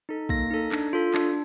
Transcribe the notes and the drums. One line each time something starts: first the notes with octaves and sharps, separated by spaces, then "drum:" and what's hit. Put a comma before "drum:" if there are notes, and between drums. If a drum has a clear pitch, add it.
D#4 A4
A#3 A#6, drum: kick
D#4 A4
D4, drum: clap
F4 A4
D4, drum: clap